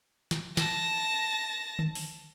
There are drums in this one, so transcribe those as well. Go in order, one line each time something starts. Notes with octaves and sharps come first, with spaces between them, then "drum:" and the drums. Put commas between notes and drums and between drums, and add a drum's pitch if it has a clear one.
drum: snare
A5 A#6, drum: snare
drum: tom D3
drum: open hi-hat